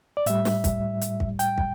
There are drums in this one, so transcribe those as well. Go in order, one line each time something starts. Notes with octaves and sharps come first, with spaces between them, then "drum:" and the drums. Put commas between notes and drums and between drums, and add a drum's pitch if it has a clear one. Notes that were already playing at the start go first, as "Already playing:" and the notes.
D5
A2 G3 E5, drum: hi-hat
drum: snare
drum: kick, hi-hat
drum: hi-hat
drum: kick
G5, drum: hi-hat
drum: kick